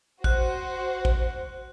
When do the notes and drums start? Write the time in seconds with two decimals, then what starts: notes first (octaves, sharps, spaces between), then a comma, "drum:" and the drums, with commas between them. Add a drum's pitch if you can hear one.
0.24 F#4 C5 F#5 F#6, drum: kick
1.05 drum: kick